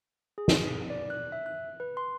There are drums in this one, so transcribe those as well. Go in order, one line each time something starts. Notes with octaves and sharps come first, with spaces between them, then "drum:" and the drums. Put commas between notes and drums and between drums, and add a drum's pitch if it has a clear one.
G#4
drum: snare
D5
F#6
E5
F#6
B4
C6